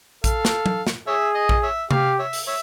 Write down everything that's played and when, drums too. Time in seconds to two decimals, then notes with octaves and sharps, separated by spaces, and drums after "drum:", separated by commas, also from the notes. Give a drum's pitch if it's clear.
0.24 A4 F5, drum: kick A#1, hi-hat
0.45 drum: snare
0.66 drum: tom F#3
0.87 drum: snare
1.07 G#4 C#5 E5
1.35 D#5
1.49 drum: kick A#1
1.63 C#5 E5
1.91 G4 F5, drum: tom C3
2.19 C#5 E5
2.33 drum: open hi-hat
2.47 C#5 E5